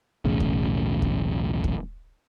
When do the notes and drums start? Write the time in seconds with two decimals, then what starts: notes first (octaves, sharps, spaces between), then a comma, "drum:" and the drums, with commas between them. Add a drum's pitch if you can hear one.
0.25 B1 E2 A2 C#3
0.40 drum: kick
1.02 drum: kick
1.64 drum: kick